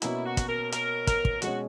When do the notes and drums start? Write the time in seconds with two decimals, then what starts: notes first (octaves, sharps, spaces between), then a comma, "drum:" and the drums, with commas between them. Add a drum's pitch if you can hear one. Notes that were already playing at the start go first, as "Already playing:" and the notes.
0.02 B2 A#3 C#4 E4, drum: hi-hat
0.26 F#4
0.37 drum: kick, hi-hat
0.49 A#4
0.72 A#4, drum: hi-hat
1.07 A#4, drum: kick, hi-hat
1.25 drum: kick
1.42 B2 G#3 C#4 F#4, drum: hi-hat